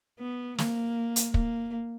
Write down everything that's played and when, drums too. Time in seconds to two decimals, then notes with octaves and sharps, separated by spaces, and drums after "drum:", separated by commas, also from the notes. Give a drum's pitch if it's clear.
0.20 B3
0.58 A#3, drum: snare
1.16 drum: hi-hat
1.34 A#3, drum: kick